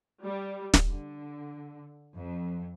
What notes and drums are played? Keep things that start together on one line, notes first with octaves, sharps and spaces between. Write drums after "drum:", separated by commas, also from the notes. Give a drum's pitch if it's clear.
G3
drum: snare
D3
F2